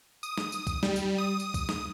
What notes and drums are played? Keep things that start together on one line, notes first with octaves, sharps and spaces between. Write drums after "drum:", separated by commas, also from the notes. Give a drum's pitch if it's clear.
D#6, drum: tambourine
drum: snare
drum: tambourine
drum: kick C2, tambourine
G3, drum: snare
drum: tambourine
D#6
drum: tambourine
drum: kick C2, tambourine
drum: snare